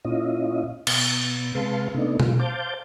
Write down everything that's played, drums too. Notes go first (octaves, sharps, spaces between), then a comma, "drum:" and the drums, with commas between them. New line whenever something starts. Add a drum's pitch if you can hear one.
A#2 C#4 E4 F4 D#5
B2, drum: cymbal
C3 G#3 B4 F5 A5 C6
C3 A3 B3 D4 D#4
B2 G#3 F4, drum: tom B2
C5 F5 A5 D6 G6